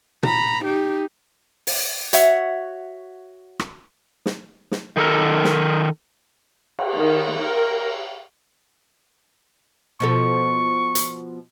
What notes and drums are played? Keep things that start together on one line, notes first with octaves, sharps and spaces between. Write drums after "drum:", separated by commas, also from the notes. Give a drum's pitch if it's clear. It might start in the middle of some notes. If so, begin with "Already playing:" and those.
A#5 B5, drum: tom A#2
D#4 G4
drum: open hi-hat
F#4 C#5 E5 F#5, drum: hi-hat
drum: rim click
drum: snare
drum: snare
D#3 A4 A#4
drum: snare
drum: cymbal
D#3
A#4
B2 F3 A4 C#6
drum: hi-hat